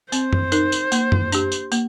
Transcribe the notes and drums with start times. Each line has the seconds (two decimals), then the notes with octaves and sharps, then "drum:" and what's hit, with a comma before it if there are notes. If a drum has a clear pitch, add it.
0.12 C4 C5, drum: tambourine
0.33 drum: tom F#2
0.52 D#4 A#4, drum: tambourine
0.72 drum: tambourine
0.92 A#3, drum: tambourine
1.12 drum: tom F#2
1.32 D4 G4, drum: tambourine
1.52 drum: tambourine
1.72 A#3, drum: tambourine